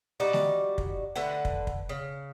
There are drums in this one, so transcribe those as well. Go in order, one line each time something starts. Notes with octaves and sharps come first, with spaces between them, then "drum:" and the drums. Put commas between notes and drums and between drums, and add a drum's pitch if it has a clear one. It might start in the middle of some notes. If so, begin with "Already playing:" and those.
G3 D#4 F#4 D5
drum: snare A3
drum: kick
D3 A3 B4 F#5
drum: kick
drum: kick
C#3